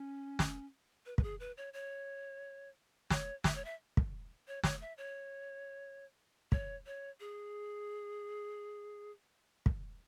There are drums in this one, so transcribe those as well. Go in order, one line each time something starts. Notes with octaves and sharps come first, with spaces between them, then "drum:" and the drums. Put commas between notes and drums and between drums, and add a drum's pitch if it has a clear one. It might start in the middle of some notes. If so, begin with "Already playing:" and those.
Already playing: C#4
drum: snare
B4
B4, drum: kick
G#4
B4
C#5
C#5
C#5, drum: snare
E5, drum: snare
C#5
E5
drum: kick
C#5
C#5, drum: snare
E5
C#5
C#5, drum: kick
C#5
G#4
drum: kick